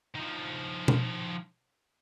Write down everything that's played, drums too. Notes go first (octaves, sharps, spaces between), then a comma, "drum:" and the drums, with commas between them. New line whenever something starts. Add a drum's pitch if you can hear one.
D#3 F3
drum: tom B2